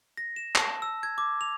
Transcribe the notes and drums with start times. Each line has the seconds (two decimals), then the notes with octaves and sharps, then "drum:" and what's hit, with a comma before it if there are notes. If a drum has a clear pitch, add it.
0.17 A#6
0.36 E7
0.55 A5, drum: clap
0.82 E6
1.03 G#6
1.18 D6
1.41 F7